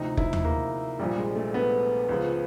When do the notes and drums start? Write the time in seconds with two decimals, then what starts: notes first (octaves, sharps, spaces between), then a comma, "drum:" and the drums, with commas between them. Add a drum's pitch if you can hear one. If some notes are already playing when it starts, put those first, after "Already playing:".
Already playing: D2 C3 F3 D#4
0.17 E4, drum: kick F1
0.33 drum: tom D#2
0.45 A#3
0.99 A#1 A#2 F3 G3
1.18 G#3
1.36 A3
1.54 B3
2.09 C#2 C#3 F3